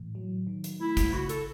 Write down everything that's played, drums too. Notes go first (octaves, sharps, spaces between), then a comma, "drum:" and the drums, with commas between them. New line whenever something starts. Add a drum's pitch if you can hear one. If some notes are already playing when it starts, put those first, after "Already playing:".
Already playing: A2 E3
F#3
D#3
drum: hi-hat
A3 E4
drum: kick, hi-hat
C#3 F#4
A4, drum: hi-hat